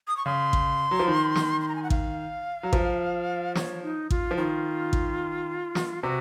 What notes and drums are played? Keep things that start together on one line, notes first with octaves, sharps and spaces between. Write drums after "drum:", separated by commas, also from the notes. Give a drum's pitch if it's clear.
D#6
C#6
C#3 C6
drum: kick A1
F#3
F3
D#3
drum: snare
C6
A#5
G#5
F#5
F5, drum: kick A1
F#3
F3, drum: kick A1
C#5, drum: snare
D#4
F4, drum: kick A1
F3
D#3 F4
drum: kick A1
drum: snare
C3 F#4